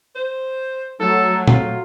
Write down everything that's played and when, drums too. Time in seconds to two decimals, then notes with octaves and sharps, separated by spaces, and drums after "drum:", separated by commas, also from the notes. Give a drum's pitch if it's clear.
0.15 C5
1.00 F#3 A3 A4
1.48 F4, drum: tom A#2